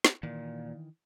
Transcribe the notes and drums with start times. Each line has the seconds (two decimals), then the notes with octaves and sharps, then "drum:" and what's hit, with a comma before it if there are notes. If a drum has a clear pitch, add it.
0.04 drum: snare
0.23 A#2 D#3 E3